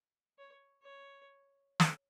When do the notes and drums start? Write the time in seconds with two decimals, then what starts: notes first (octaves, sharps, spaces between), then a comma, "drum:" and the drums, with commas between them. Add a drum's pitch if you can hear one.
0.38 C#5
0.83 C#5
1.80 drum: snare